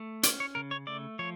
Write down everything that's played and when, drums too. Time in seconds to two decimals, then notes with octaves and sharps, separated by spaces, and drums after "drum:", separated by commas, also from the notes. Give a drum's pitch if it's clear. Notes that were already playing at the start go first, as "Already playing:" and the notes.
Already playing: A3
0.23 C#4 D5, drum: hi-hat
0.40 C#5
0.55 C#3 A#4
0.71 C#5
0.87 A3 D5
1.19 F3 C#5